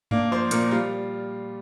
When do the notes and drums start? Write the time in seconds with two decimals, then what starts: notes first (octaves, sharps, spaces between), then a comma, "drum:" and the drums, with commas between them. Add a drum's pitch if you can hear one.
0.11 A#3 D4, drum: tom G2
0.31 F3 C5
0.51 A#2 A#4, drum: hi-hat
0.71 G3 F4